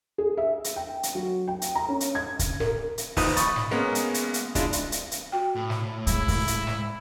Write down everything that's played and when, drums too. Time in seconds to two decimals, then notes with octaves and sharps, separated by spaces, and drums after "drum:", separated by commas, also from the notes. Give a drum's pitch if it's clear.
0.18 G#4
0.37 E5
0.64 drum: hi-hat
0.76 G5
1.03 drum: hi-hat
1.15 F#3
1.48 G5
1.62 drum: hi-hat
1.75 A#5
1.88 C#4
2.00 drum: hi-hat
2.15 G#6
2.39 drum: kick, hi-hat
2.60 A#4, drum: snare
2.98 drum: hi-hat
3.17 D#2 F3 D#4 B4 D#6, drum: kick, open hi-hat
3.37 B5 C#6 D#6 A6, drum: hi-hat
3.56 drum: snare
3.71 G#3 A#3 B3 C#4 A#4
3.95 drum: hi-hat
4.14 drum: hi-hat
4.34 drum: hi-hat
4.55 G#3 D4 E4 F4, drum: kick, hi-hat
4.73 drum: hi-hat
4.92 drum: hi-hat
5.11 drum: hi-hat
5.32 F#4 G5
5.55 A2
5.70 drum: snare
6.07 G#3 E4, drum: hi-hat
6.28 drum: kick, open hi-hat
6.48 drum: hi-hat
6.67 drum: snare